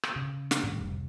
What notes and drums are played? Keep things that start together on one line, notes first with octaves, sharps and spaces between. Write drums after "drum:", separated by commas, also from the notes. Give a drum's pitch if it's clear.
drum: rim click
C#3
drum: snare
A2 D#3 G3
F1 C2